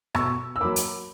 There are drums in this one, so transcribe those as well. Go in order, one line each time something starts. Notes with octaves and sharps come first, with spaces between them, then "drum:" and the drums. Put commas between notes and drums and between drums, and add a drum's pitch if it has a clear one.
B2 C#6 E6, drum: rim click
E6
F#3 A#3 B5 D6
drum: hi-hat